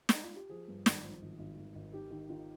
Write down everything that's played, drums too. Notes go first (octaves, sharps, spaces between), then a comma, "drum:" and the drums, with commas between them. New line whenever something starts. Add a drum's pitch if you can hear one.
D#4, drum: snare
F4
G4
F3 G#4
G2
G#1, drum: snare
F3
G#1
G#1
G#1
G#1
D#3 G4
D#3
D#3 F4